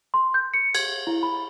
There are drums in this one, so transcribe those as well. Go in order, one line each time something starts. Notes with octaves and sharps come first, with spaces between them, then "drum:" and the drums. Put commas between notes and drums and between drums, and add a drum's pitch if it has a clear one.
C6
G6
C#7
G#6, drum: cymbal
E4
B5